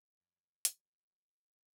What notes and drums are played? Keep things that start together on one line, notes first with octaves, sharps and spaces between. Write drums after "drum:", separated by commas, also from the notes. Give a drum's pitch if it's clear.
F2 G3 C#5 A5
F#3, drum: hi-hat